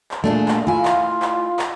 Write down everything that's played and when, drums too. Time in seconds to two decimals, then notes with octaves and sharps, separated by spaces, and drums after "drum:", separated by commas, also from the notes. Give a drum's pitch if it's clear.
0.11 drum: clap
0.24 A#2 A3 D4 G#4
0.48 drum: clap
0.67 E4 F4 G#5
0.85 drum: clap
1.22 drum: clap
1.59 drum: clap